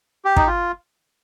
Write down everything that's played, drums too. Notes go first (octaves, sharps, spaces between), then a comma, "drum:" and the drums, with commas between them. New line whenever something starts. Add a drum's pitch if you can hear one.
G4
D#4, drum: kick
F4